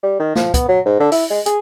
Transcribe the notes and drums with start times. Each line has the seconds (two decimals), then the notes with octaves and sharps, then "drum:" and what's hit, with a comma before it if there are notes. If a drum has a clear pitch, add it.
0.03 G3
0.20 D#3
0.35 F3, drum: snare
0.54 B3, drum: kick, hi-hat
0.68 F#3
0.86 G#2
1.00 D3
1.12 E4, drum: open hi-hat
1.30 G#3
1.46 G#4, drum: hi-hat